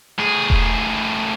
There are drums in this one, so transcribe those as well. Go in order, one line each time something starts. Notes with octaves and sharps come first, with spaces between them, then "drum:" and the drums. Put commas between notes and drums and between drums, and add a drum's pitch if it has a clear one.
A2 G#4
drum: kick E1